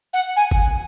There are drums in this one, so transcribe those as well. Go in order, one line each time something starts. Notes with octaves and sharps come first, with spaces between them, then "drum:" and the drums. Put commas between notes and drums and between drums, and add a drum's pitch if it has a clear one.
F#5
G#5
drum: kick G1